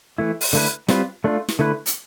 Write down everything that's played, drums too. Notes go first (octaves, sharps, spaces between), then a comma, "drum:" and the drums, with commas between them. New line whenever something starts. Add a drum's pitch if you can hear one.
E3 A3 E4
drum: open hi-hat
D3 A3 E4 B4
G3 C4 F4 B4, drum: snare
A3 D4 F4
drum: snare
D3 A3 E4 B4
drum: hi-hat